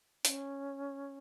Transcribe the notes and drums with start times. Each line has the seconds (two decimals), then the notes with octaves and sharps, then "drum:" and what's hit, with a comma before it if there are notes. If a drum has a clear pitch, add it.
0.25 C#4, drum: hi-hat